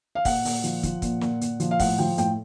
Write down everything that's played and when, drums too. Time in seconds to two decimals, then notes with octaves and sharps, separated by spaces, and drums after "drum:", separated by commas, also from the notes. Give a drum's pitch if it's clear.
0.15 F5
0.25 A#2 F#5, drum: kick, open hi-hat
0.45 A#2, drum: open hi-hat
0.64 F3, drum: hi-hat
0.83 F3, drum: kick, hi-hat
1.02 A#2, drum: kick, hi-hat
1.21 A#2, drum: snare
1.41 A#2, drum: hi-hat
1.60 F3, drum: hi-hat
1.71 F5
1.80 A2 F#5, drum: kick, open hi-hat
1.98 F3 G5
2.18 A2 G5, drum: hi-hat